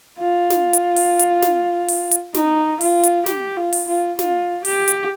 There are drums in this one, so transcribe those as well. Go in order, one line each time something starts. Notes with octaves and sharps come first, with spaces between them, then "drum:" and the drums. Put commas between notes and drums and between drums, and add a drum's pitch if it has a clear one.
F4
drum: snare
drum: hi-hat
drum: open hi-hat
drum: hi-hat
drum: snare
drum: open hi-hat
drum: hi-hat
D#4, drum: snare
F4, drum: open hi-hat
drum: hi-hat
G4, drum: snare
F4
drum: open hi-hat
F4
F4, drum: snare
G4, drum: open hi-hat
drum: hi-hat